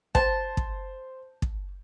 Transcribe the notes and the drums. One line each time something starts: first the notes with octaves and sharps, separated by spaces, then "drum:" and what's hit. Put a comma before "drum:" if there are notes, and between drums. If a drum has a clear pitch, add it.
C5 A5, drum: kick
drum: kick
drum: kick